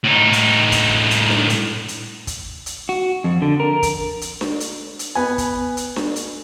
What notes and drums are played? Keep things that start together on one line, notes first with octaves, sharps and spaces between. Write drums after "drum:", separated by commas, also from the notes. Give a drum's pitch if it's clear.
A2 D#4
drum: hi-hat
drum: kick, hi-hat
drum: hi-hat
drum: snare D4
drum: hi-hat
drum: hi-hat
drum: kick, hi-hat
drum: hi-hat
F#4
F2
D3
A#4
drum: kick, hi-hat
drum: hi-hat
drum: snare D4
drum: hi-hat
drum: hi-hat
B3 G#5
drum: kick, hi-hat
drum: hi-hat
drum: snare D4
drum: hi-hat